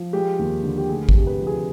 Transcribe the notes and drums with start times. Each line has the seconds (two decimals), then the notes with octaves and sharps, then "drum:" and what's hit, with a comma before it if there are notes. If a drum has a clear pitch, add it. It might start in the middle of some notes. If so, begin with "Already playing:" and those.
Already playing: F3
0.13 G#3 G4
0.39 D#2
0.63 D3
0.78 G4
0.89 D2 G#4
1.09 G4, drum: kick
1.15 C3
1.27 B4
1.40 F3
1.47 G#4